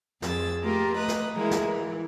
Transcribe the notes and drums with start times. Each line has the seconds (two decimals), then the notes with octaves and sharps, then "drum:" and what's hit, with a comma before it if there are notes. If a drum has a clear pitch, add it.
0.22 F2 F3 G#4 E6 A6, drum: snare
0.63 A3 A#3 F4 G4 A#4
0.97 B4 D#5 A#5 F#6
1.08 drum: snare
1.34 E3 G#3 A#3 E4
1.51 drum: snare
1.68 E3